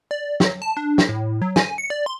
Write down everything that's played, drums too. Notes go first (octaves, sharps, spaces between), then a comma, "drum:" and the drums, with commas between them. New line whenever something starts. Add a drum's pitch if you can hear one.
D5
F#3, drum: snare
A5
D4
drum: snare
A2
F#3
G#5, drum: snare
C#7
D5
C6